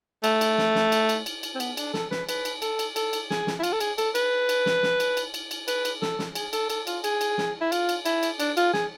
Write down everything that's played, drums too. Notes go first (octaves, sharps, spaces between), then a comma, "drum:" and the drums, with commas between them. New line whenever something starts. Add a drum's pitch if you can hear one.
A3, drum: cymbal
drum: cymbal
drum: snare
drum: snare
drum: cymbal
drum: cymbal
drum: cymbal
drum: cymbal
C4
B3, drum: cymbal
D4, drum: cymbal
A4, drum: snare
B4, drum: snare
B4, drum: cymbal
drum: cymbal
A4, drum: cymbal
drum: cymbal
A4, drum: cymbal
drum: cymbal
G#4, drum: snare
drum: snare
E4
F4, drum: cymbal
A4
G#4, drum: cymbal
A4, drum: cymbal
B4, drum: cymbal
drum: cymbal
drum: snare
drum: snare
drum: cymbal
drum: cymbal
drum: cymbal
drum: cymbal
B4, drum: cymbal
drum: cymbal
A4, drum: snare
drum: snare
G#4, drum: cymbal
A4, drum: cymbal
A4, drum: cymbal
F4, drum: cymbal
G#4, drum: cymbal
drum: cymbal
drum: snare
E4
F4, drum: cymbal
drum: cymbal
E4, drum: cymbal
drum: cymbal
D4, drum: cymbal
F4, drum: cymbal
G#4, drum: snare